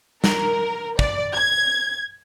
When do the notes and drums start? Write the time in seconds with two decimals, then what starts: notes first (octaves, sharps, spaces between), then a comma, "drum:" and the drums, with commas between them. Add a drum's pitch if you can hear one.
0.24 A#4, drum: snare
0.99 D5, drum: kick
1.34 G#6